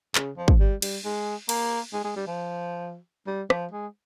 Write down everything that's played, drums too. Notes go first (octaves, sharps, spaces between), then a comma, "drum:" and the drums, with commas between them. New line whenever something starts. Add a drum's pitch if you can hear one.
C#3, drum: clap
F3
drum: kick
G3
G3, drum: cymbal
G#3
A#3, drum: cymbal
G#3
G#3
G3
F3
G3
F3, drum: rim click
G#3